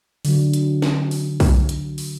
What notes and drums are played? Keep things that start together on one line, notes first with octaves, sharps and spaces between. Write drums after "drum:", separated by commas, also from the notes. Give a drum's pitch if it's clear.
D3 F#3, drum: open hi-hat
drum: hi-hat
drum: snare
drum: open hi-hat
drum: kick, open hi-hat
drum: hi-hat
drum: open hi-hat